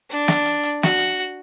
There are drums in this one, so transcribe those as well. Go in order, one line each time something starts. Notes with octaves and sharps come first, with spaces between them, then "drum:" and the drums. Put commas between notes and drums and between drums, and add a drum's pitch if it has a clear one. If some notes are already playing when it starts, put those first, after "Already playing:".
D4
drum: snare
drum: hi-hat
drum: hi-hat
F#4, drum: snare
drum: hi-hat